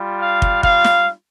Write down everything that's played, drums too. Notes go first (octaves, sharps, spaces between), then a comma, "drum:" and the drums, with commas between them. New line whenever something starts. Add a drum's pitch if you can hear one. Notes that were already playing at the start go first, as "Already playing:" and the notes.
Already playing: G3 F4
F5
drum: kick
F5, drum: kick
drum: snare